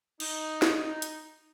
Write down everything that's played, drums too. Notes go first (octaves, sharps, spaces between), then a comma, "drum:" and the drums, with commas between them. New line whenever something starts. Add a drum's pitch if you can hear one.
D#4, drum: cymbal
drum: snare
drum: hi-hat